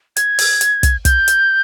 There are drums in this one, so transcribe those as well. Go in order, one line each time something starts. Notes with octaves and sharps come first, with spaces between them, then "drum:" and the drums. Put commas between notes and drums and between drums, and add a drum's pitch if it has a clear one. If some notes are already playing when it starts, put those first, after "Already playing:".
G#6, drum: hi-hat
drum: open hi-hat
drum: hi-hat
drum: kick, hi-hat
G6, drum: kick, hi-hat
drum: hi-hat